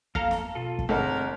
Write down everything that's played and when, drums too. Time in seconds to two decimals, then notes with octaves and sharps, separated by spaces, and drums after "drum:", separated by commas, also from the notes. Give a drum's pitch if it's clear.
0.15 F2 A#3 A4 F5 A#5, drum: kick
0.31 drum: snare
0.55 B2 F4 A4
0.79 drum: kick
0.89 G1 G#3 A3 C4 A#4 F#5 A#5